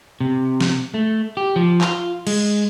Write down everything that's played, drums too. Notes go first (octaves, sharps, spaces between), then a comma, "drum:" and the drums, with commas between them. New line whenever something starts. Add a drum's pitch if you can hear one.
C3
drum: snare
A3
G4
F3
F4, drum: clap
G#3, drum: cymbal